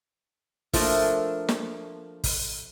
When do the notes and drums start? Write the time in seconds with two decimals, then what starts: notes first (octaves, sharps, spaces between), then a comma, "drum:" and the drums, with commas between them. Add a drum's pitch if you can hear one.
0.73 F3 A3 A#3 D4, drum: kick, open hi-hat
1.49 drum: snare
2.24 drum: kick, open hi-hat